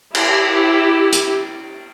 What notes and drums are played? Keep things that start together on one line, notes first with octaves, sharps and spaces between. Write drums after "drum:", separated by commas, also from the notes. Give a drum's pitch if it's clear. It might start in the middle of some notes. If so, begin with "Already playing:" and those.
E4 G4, drum: cymbal
drum: hi-hat